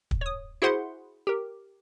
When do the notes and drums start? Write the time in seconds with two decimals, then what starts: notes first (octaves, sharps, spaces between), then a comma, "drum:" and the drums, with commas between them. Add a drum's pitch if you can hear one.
0.11 drum: kick
0.21 C#5 D#6
0.62 E4 F#4 G#4 C5 F#5 C6
1.27 G4 A#4